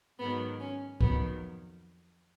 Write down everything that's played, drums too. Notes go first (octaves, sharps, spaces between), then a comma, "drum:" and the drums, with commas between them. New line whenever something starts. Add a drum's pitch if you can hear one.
G#2 D#3 F#3 B3
C#4
F2 D#3 F#3 B3, drum: kick C#2